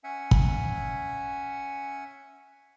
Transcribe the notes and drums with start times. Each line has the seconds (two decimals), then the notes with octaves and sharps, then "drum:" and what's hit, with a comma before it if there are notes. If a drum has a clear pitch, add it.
0.04 C#4 E5 F#5 G#5
0.31 drum: kick